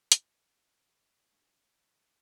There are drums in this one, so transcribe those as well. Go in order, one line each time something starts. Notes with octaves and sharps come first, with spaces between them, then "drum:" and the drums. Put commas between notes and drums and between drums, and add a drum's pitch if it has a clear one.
drum: hi-hat
E2 G2 G#3 E5 G#5 C#6